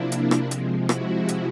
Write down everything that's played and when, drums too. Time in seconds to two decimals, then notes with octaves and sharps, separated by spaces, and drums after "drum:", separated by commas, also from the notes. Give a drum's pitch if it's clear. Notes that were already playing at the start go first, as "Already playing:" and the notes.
Already playing: C3 F3 A#3 D4 E4
0.12 drum: hi-hat
0.31 drum: rim click
0.51 C3 F3 G#3, drum: hi-hat
0.89 E4 F#4, drum: rim click
1.28 drum: hi-hat